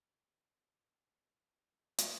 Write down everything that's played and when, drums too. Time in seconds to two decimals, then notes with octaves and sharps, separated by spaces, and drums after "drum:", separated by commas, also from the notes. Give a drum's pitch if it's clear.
0.02 A5
0.07 B5
0.74 B5
0.91 G5
0.96 A5
1.20 G5
1.98 drum: hi-hat